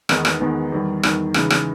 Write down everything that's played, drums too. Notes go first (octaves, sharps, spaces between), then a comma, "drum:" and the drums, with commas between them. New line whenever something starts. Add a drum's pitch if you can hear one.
E2 D#3 G#3 B3 D#4, drum: rim click
drum: rim click
E2 D#3 G#3 B3 D#4
E2 D#3 G3
E2 D#3 G3, drum: rim click
C#3 E3 G#3 D#4, drum: rim click
drum: rim click